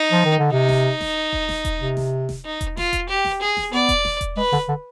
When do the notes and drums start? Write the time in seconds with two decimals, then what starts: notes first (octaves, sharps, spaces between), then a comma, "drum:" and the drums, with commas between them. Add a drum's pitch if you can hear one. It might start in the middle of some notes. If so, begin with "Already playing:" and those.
Already playing: D#4
0.12 F3
0.25 D#3
0.39 D3
0.52 C3 D#4
0.69 drum: snare D#1
1.01 drum: snare D#1
1.33 drum: kick E1
1.49 drum: snare D#1
1.65 drum: kick E1, hi-hat
1.81 C3
1.97 drum: snare D#1
2.29 drum: snare D#1
2.44 D#4
2.61 drum: kick E1, hi-hat
2.77 F4, drum: snare D#1
2.93 drum: kick E1, hi-hat
3.08 G4
3.25 drum: snare D#1
3.41 G#4
3.57 drum: snare D#1
3.72 B3 D5
3.89 drum: kick E1, hi-hat
4.05 drum: snare D#1
4.21 drum: kick E1, hi-hat
4.37 G#3 B4
4.52 D3, drum: snare D#1
4.69 D3